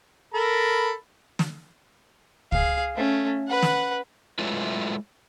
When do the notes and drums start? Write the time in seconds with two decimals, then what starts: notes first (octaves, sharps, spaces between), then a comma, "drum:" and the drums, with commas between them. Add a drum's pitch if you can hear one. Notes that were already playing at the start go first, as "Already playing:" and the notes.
0.34 A4 A#4 B5
1.39 drum: snare
2.52 G#4 F5, drum: kick
2.96 A3 C#4
3.48 B4 F#5
3.62 drum: snare
4.39 F#3 G#3 A3 E4 F4 B4